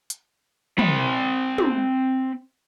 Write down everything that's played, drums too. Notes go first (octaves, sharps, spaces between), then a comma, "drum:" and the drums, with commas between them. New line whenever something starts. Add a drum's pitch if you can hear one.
drum: hi-hat
C4 B5, drum: tom
drum: tom